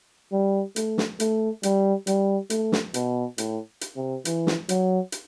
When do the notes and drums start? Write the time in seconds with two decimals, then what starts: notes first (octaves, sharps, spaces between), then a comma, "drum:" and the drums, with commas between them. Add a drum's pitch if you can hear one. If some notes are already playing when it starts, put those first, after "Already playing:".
0.32 G3
0.76 A3, drum: hi-hat
0.98 drum: snare
1.20 A3, drum: hi-hat
1.63 G3, drum: hi-hat
2.07 G3, drum: hi-hat
2.50 A3, drum: hi-hat
2.72 drum: snare
2.94 B2, drum: hi-hat
3.38 A2, drum: hi-hat
3.81 drum: hi-hat
3.96 C3
4.25 E3, drum: hi-hat
4.47 drum: snare
4.69 F#3, drum: hi-hat
5.12 drum: hi-hat